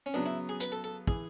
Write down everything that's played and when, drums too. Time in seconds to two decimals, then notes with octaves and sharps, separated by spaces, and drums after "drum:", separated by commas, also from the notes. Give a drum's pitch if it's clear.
0.06 C#4
0.14 C#3 F#3 B3 D4
0.26 E4
0.49 G#4
0.60 B4, drum: hi-hat
0.72 A4
0.84 A4
1.07 E3 G#4, drum: kick